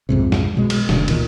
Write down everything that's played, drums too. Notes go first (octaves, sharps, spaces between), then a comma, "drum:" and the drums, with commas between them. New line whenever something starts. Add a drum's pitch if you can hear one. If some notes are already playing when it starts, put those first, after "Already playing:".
B1 F2 G#2 C3
drum: snare
B2 G#3
drum: cymbal
F1 B2 D3, drum: snare
C#2 A#2 D#3, drum: cymbal